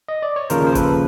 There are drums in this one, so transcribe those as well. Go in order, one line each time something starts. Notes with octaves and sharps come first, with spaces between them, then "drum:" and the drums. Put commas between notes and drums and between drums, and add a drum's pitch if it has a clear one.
D#5
D5
C#5
D#2 C#3 F3 A#4 C5, drum: hi-hat
C5
A4 B4, drum: kick G1, hi-hat